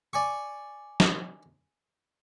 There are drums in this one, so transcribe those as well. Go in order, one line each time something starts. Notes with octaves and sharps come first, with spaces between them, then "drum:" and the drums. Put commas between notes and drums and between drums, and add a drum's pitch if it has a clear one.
D5 G#5 C#6
drum: snare